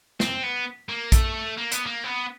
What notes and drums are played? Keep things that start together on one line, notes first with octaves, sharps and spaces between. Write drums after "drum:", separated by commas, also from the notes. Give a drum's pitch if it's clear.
C4, drum: snare
B3
A#3
A3, drum: kick A#1, hi-hat
A#3
B3, drum: hi-hat
A#3
B3